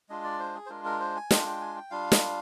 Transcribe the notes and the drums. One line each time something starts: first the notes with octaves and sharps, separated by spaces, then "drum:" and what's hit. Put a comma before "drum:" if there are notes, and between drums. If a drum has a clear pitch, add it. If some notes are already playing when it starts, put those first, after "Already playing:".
G#3 D4 F4 D#5
D5
C5
G#4
C5
G#3 D4 F4 A#4
A#4
C5
G#5
G#3 D4 F4 G5, drum: snare
G5
G#5
G5
G3 D4 F4 F5
drum: snare